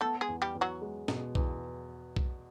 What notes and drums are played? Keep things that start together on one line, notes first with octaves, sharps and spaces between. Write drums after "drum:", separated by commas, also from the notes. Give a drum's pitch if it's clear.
A3 B3 A4
G#3 G#4
E2
G3 G4
E2
F#3 F#4
G#3
B2, drum: snare
E2, drum: kick B1
drum: kick B1